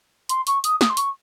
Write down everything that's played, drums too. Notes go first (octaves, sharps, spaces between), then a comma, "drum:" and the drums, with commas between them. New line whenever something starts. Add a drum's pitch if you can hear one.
C6, drum: hi-hat
C#6, drum: hi-hat
D#6, drum: hi-hat
D#6, drum: snare
C6
C#6, drum: hi-hat